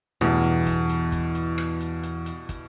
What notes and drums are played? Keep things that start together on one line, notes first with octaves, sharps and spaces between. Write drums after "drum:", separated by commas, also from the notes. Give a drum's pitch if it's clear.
E2 G2 B2 E3
drum: hi-hat
drum: kick, hi-hat
drum: hi-hat
drum: kick, hi-hat
drum: hi-hat
drum: rim click
drum: hi-hat
drum: hi-hat
drum: hi-hat
drum: kick, hi-hat